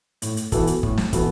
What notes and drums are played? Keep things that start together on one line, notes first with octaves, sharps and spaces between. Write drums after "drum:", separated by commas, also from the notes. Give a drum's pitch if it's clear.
A2, drum: hi-hat
drum: hi-hat
E3 B3 F#4 A4, drum: kick, hi-hat
drum: hi-hat
A2, drum: kick
drum: snare
E3 B3 F#4 A4, drum: kick, hi-hat